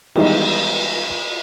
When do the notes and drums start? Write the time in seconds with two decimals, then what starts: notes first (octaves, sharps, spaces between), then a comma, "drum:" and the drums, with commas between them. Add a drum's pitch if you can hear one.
0.16 D#3 E3 G3 G#3 B3 D#4, drum: cymbal